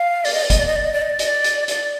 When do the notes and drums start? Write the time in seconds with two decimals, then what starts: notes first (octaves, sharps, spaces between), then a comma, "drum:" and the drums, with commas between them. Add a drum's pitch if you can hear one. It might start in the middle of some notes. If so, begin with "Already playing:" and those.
Already playing: F5
0.25 D5, drum: open hi-hat
0.33 D#5
0.42 D5
0.50 D#5, drum: kick, hi-hat
0.58 D5
0.67 D#5
0.76 D5
0.84 D#5
0.93 D5
1.02 D#5
1.09 D5
1.19 D#5, drum: hi-hat
1.27 D5
1.44 drum: hi-hat
1.68 D5, drum: hi-hat